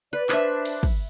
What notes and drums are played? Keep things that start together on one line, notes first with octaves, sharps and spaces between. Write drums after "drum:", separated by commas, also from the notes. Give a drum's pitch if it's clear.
B4 D5
D4 B4 C5 E5 F#6, drum: clap
drum: cymbal
drum: kick